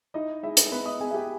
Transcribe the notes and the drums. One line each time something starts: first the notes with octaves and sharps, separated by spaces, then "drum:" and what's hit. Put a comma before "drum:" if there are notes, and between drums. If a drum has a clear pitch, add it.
D#4 E4 D#5
G#3 E4 E5
drum: hi-hat
B3 B4 B5
D#5 D#6
B3 G#4 G#5
E5
G4 G5